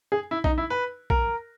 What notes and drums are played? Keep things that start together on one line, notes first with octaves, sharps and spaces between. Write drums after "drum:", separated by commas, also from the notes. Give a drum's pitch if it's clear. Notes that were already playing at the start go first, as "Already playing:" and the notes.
G#4
E4
D#4, drum: kick
E4
B4
A#4, drum: kick